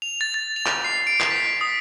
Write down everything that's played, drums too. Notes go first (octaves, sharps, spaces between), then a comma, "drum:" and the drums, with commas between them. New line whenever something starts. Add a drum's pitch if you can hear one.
F7
A6
A6
F7
drum: clap
C7
D7
drum: clap
B6
D#6